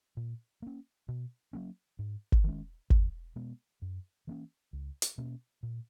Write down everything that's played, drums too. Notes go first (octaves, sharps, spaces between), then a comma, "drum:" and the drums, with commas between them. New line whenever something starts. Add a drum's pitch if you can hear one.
A#2
A#3 C#4
B2
F#3 A#3 C#4
G#2
drum: kick G1
D#3 G#3 C#4
E2, drum: kick G1
B2 G#3 B3
F#2
E3 A#3 C#4
C#2
drum: hi-hat
B2 A#3 C#4
A#2